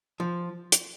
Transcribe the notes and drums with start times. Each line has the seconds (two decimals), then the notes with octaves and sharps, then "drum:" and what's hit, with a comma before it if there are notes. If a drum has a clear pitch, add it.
0.20 F3
0.72 drum: hi-hat